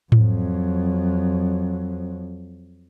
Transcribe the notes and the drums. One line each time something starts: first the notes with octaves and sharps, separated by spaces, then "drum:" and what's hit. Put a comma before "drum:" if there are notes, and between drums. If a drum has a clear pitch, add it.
F2 F#3, drum: tom A2